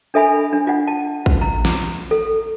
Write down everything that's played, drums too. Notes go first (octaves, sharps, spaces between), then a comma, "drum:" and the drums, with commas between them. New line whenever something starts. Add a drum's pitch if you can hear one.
D4 A4 E5 G#5 B5
D4
F4 F#5
A5
drum: kick
A#5
drum: snare
A4